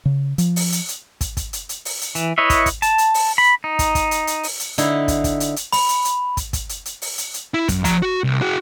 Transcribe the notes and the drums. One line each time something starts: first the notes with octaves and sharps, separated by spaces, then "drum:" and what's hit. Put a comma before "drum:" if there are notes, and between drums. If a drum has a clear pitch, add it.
C#3
F3, drum: hi-hat
drum: open hi-hat
drum: hi-hat
drum: hi-hat
drum: kick, hi-hat
drum: kick, hi-hat
drum: hi-hat
drum: hi-hat
drum: open hi-hat
drum: hi-hat
E3, drum: hi-hat
E4 B4 C#5 D#5 E5
drum: kick, hi-hat
drum: kick, hi-hat
A5, drum: hi-hat
drum: hi-hat
drum: open hi-hat
B5
D#4
drum: kick, hi-hat
drum: kick, hi-hat
drum: hi-hat
drum: hi-hat
drum: open hi-hat
drum: hi-hat
D3 D#4 E4, drum: hi-hat
drum: kick, hi-hat
drum: kick, hi-hat
drum: hi-hat
drum: hi-hat
B5, drum: open hi-hat
drum: hi-hat
drum: hi-hat
drum: kick, hi-hat
drum: kick, hi-hat
drum: hi-hat
drum: hi-hat
drum: open hi-hat
drum: hi-hat
drum: hi-hat
E4
F#2, drum: kick, hi-hat
F3 A#5, drum: kick, hi-hat
F#4
C2
F#4 G#4